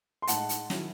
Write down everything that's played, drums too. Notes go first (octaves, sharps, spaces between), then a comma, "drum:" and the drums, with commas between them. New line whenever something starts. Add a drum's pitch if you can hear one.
C6
A2 G#3 D#4 F#5 A5, drum: hi-hat
drum: hi-hat
D#3 F#3 C#4 E4, drum: snare